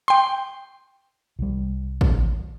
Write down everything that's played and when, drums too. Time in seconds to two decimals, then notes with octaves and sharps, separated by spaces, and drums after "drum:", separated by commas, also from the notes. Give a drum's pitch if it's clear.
0.08 G5 C6
1.39 C2 G3
2.01 drum: kick